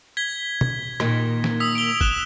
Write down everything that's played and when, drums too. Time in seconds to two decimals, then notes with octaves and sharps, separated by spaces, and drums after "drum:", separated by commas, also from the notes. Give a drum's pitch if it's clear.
0.17 G#6 B6 G7
0.61 drum: tom
1.00 A#2 D#3, drum: rim click
1.44 drum: snare
1.60 D#6 E6 B6
1.75 D7 F7 G7
2.01 F#6 E7 G7, drum: kick